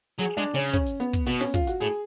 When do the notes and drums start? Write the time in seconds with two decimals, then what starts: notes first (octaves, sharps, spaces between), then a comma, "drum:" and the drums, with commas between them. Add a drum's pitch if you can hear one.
0.19 F#3 G#4, drum: hi-hat
0.37 G#3 D4
0.54 C#3 C#4
0.73 C#4, drum: kick, hi-hat
0.86 drum: hi-hat
1.00 B3, drum: hi-hat
1.13 drum: kick, hi-hat
1.27 B2 B3, drum: hi-hat
1.41 C#4, drum: snare
1.54 F4, drum: kick, hi-hat
1.67 F#4, drum: hi-hat
1.80 A2 G#4, drum: hi-hat